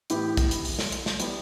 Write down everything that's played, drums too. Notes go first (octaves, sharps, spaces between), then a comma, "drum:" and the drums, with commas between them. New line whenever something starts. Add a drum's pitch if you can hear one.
A2 E3 B3 E4 G4, drum: hi-hat
drum: kick, hi-hat
drum: hi-hat
drum: open hi-hat
drum: snare
drum: hi-hat
drum: snare
G3 B3 E4, drum: hi-hat